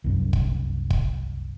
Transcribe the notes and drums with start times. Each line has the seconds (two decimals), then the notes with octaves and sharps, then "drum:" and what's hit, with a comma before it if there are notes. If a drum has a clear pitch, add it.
0.04 C2 F#2
0.33 drum: kick
0.90 drum: kick